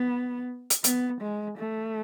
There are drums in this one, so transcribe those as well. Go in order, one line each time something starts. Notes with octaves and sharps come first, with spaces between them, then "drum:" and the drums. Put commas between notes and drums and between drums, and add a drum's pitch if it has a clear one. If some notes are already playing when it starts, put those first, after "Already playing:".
Already playing: B3
drum: hi-hat
B3, drum: hi-hat
G#3
A3